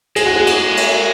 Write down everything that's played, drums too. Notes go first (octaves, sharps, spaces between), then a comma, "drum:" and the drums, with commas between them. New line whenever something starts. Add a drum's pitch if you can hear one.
G#3 G#4, drum: cymbal
F#4
G#4
drum: cymbal
drum: cymbal